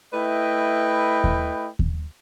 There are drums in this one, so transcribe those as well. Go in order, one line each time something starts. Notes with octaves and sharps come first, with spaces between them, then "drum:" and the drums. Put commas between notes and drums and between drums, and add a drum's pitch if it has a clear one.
A3 E4 B4 D#5 G5
drum: kick D#2
drum: kick D#2